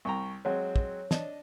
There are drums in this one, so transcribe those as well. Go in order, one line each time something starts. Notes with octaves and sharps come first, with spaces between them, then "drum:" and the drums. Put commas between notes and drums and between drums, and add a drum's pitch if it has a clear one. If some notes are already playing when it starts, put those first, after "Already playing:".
C2 G5 A#5 C#6
F#3 G#3 C4 C#5
drum: kick
D4 D#5 A5, drum: snare